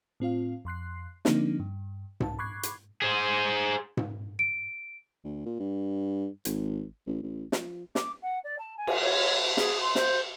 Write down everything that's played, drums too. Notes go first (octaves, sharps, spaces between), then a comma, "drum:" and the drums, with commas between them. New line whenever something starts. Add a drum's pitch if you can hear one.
A2 C4 F4 F5
F2 C6 F#6 C7
D3 F3 A#3 C4 D4 D#4, drum: snare
G2
C2 A5, drum: tom G#2
B5 C#6 D6 F#6 G#6 C7
drum: hi-hat
G#4 C5
drum: tom G#2
D7
D2
A#2
G2
G#1, drum: hi-hat
A1
A1
F3, drum: snare
D6, drum: snare
F#5
D5
A5
G#5
drum: cymbal
C#5
G#4, drum: snare
C6
C5, drum: snare